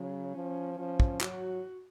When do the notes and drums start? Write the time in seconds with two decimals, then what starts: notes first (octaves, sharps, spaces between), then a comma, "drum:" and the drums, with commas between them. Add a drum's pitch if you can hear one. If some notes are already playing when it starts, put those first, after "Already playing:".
Already playing: C#3 F#3
0.34 F3 C#4
0.79 F3 C#4
1.00 drum: kick
1.21 F#3 F#4, drum: clap